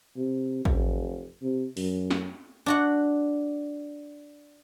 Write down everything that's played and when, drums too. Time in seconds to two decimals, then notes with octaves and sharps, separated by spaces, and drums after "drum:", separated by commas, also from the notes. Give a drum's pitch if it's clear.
0.16 C3
0.65 F1, drum: kick A1
1.42 C3
1.77 F#2, drum: open hi-hat
2.10 drum: snare
2.66 D4 F#4 F#5